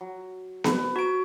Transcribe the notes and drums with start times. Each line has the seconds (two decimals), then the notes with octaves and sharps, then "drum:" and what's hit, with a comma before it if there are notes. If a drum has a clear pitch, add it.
0.01 F#3
0.64 B4, drum: snare B3
0.96 F#4 A#5 D7